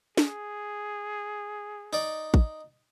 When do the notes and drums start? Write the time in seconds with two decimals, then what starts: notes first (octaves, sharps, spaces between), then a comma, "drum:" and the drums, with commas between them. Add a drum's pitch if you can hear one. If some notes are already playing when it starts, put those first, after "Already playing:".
0.17 G#4, drum: snare
1.93 D#4 D5
2.34 drum: kick